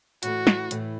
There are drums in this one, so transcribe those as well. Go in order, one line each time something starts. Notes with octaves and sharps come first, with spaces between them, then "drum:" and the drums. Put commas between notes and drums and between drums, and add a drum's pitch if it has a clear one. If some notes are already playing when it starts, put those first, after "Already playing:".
A2 E3 A3 F#4, drum: hi-hat
drum: snare
A2 E3 A3, drum: hi-hat